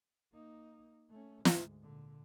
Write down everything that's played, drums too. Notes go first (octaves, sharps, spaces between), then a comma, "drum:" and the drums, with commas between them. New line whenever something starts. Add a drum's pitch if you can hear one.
A#3 D#4
A3 C#4
D2 G#2, drum: snare
A#2 D3